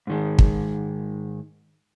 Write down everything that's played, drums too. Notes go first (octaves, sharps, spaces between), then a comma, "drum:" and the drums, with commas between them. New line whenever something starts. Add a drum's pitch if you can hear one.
G#2 D#3 G#3
drum: kick